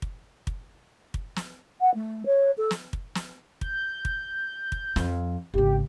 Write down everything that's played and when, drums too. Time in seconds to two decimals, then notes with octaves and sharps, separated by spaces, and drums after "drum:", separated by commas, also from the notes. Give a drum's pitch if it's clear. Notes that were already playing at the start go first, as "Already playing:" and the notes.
0.02 drum: kick
0.47 drum: kick
1.14 drum: kick
1.36 drum: snare
1.81 F#5
1.95 A3
2.26 C#5
2.58 A4
2.71 drum: snare
2.93 drum: kick
3.15 drum: snare
3.61 G6, drum: kick
4.05 drum: kick
4.72 drum: kick
4.96 F2 F3, drum: snare
5.54 G#1 C#3 G4